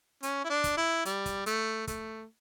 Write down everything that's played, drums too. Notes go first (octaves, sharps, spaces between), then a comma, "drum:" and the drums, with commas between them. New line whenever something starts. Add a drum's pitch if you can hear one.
C#4, drum: hi-hat
E4
D4
drum: kick, hi-hat
E4
G3, drum: hi-hat
drum: kick, hi-hat
A3, drum: hi-hat
A3, drum: kick, hi-hat